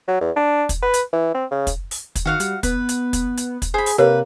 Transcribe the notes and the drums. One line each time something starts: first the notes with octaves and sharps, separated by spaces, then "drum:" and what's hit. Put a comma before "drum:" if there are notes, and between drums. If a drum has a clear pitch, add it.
F#3
E2
D4
drum: kick, hi-hat
B4
drum: hi-hat
E3
C4
C#3
drum: kick, hi-hat
drum: open hi-hat
drum: kick, hi-hat
D#3 F#4 F5 F#5
G3, drum: hi-hat
B3 B4, drum: kick, hi-hat
drum: hi-hat
drum: kick, hi-hat
drum: hi-hat
drum: kick, hi-hat
G#4 C5 G#5 B5
drum: open hi-hat
C3 A#3 G4 A#4 B4 C#5